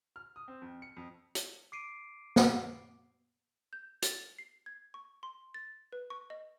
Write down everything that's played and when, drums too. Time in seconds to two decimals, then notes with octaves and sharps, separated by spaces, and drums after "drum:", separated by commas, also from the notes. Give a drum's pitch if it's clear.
0.16 F6
0.36 D#6
0.48 C4
0.62 F2
0.82 C#7
0.97 F2
1.35 drum: hi-hat
1.72 D6 C7 D7 D#7
2.36 drum: snare
3.73 G6
4.02 A6, drum: hi-hat
4.39 C7
4.66 G#6
4.94 C#6
5.23 C6
5.54 A6
5.93 B4
6.10 C#6
6.30 D#5